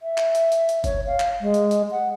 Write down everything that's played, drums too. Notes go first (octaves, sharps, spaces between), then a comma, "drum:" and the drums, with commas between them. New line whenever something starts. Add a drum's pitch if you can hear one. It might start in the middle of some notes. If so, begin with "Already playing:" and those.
E5
drum: clap
drum: hi-hat
drum: hi-hat
drum: hi-hat
C#5, drum: kick, hi-hat
F5
drum: clap
G#3
drum: hi-hat
drum: hi-hat
F#5